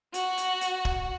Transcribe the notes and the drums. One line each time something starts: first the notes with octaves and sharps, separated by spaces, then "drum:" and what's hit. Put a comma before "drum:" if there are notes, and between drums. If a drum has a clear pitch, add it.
F#4, drum: hi-hat
drum: hi-hat
drum: hi-hat
drum: kick